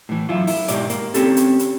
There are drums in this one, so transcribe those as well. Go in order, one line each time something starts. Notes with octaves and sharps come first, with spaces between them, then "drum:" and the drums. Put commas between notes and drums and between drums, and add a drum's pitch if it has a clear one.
A2 E3
F#2 E4 F4
E4, drum: open hi-hat
G#2 B2 G4 D5, drum: hi-hat
A#3, drum: hi-hat
C4 C#4 G4 A4, drum: hi-hat
drum: hi-hat
drum: hi-hat